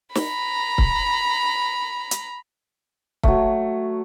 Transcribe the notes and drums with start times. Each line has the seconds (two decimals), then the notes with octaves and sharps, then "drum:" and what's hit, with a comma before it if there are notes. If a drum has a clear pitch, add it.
0.15 A#5 B5, drum: snare
0.78 drum: kick C#1
2.11 drum: hi-hat
3.23 F#3 A3, drum: kick C#1